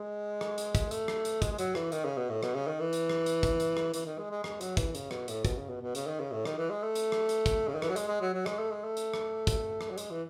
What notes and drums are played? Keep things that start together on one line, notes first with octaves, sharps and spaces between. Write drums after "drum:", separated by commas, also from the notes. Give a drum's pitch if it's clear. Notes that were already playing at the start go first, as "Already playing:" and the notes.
Already playing: G#3
drum: rim click
drum: hi-hat
drum: kick, hi-hat
A3, drum: hi-hat
drum: rim click
drum: hi-hat
G#3, drum: kick, hi-hat
G#3
F#3, drum: hi-hat
E3, drum: rim click
D#3, drum: hi-hat
C#3
B2
A2
B2, drum: rim click
C#3
D#3
E3
drum: hi-hat
drum: rim click
drum: hi-hat
drum: kick, hi-hat
drum: hi-hat
drum: rim click
E3, drum: hi-hat
D#3
G#3
G#3
G#3, drum: rim click
F#3, drum: hi-hat
E3, drum: kick, hi-hat
C#3, drum: hi-hat
B2, drum: rim click
A2, drum: hi-hat
B2, drum: kick, hi-hat
C#3
B2
B2
C#3, drum: hi-hat
D#3
C#3
A2
D#3, drum: rim click
E3
G#3
A3
drum: hi-hat
drum: rim click
drum: hi-hat
drum: kick, hi-hat
C#3
D#3
E3, drum: rim click
F#3
G#3, drum: hi-hat
G#3
F#3
F#3
G#3, drum: rim click
A3
G#3
A3
drum: hi-hat
drum: rim click
drum: kick, hi-hat
drum: rim click
F#3
G#3, drum: hi-hat
E3